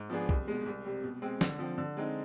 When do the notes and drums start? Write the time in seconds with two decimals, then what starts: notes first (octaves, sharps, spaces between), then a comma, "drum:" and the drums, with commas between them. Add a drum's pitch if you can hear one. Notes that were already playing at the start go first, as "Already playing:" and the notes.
Already playing: G#2
0.10 F3 B3 D4 G#4
0.29 C2, drum: kick C2
0.48 B2 G#3
0.66 C2
0.85 C3 G3
1.04 B2
1.22 G#3 C4
1.41 D3, drum: snare
1.59 F3 C4
1.78 D3
1.97 G#3 C4 D#4